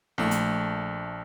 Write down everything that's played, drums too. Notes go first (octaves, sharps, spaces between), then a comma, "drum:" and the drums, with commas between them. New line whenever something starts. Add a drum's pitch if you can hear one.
A#1 A3, drum: snare E4
drum: hi-hat